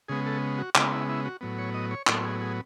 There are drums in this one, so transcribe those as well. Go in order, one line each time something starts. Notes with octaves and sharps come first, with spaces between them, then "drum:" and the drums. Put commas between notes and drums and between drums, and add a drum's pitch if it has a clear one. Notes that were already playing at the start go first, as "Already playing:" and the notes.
C#3 G#3 B3 G#4
A4
F#4
C#3 G#3 B3 E4, drum: clap
E4
E4
F#4
A2 F#3 B3
C#5
D#5
C#5
A2 F#3 B3 A4, drum: clap
G#4
G#4